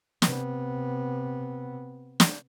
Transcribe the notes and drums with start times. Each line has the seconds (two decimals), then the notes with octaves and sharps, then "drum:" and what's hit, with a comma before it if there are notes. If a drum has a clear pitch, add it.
0.22 C3 B3, drum: snare
2.20 drum: snare